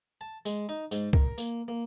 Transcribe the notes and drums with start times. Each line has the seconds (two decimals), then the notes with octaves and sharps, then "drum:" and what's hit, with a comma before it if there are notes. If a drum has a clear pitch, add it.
0.21 A5
0.46 G#3, drum: tambourine
0.69 D#4
0.92 G#2, drum: tambourine
1.13 A#4, drum: kick
1.38 A#3, drum: tambourine
1.68 A#3